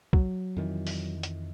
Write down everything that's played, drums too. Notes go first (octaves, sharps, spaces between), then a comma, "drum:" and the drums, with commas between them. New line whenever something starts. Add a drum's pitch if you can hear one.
F#3, drum: kick B1
F2 D#3 E3
drum: open hi-hat
drum: hi-hat